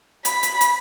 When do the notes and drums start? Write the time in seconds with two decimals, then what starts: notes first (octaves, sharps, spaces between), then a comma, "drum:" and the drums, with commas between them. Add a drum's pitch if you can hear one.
0.25 B5, drum: hi-hat
0.43 drum: hi-hat
0.61 drum: hi-hat